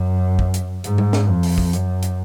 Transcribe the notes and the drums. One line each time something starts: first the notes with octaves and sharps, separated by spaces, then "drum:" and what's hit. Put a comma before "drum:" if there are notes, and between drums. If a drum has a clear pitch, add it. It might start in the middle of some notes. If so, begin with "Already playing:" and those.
Already playing: F#2
drum: kick
drum: hi-hat
G#2, drum: hi-hat
drum: tom G3
drum: snare
F2
drum: open hi-hat
drum: kick
F#2, drum: hi-hat
drum: hi-hat